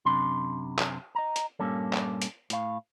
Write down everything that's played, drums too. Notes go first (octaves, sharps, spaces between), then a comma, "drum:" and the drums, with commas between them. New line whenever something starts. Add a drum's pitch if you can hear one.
F#2 C3 D4 B5 C6
drum: clap
D#5 A#5
drum: hi-hat
G2 A#2 G3 A#3 C#4 A4
drum: clap
drum: hi-hat
A2 F5, drum: hi-hat